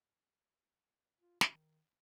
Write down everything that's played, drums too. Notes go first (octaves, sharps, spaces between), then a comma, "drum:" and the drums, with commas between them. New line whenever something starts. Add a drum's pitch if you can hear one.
F4
D#3, drum: snare